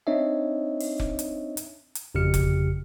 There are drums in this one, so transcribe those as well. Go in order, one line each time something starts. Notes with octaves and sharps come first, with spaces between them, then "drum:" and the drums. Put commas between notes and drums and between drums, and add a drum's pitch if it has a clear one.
C4 D4 D#4 C#5 D#5 E5
drum: open hi-hat
drum: kick F1
drum: hi-hat
drum: hi-hat
drum: hi-hat
G1 F2 C#3 G4 F6 C#7
drum: kick F1, hi-hat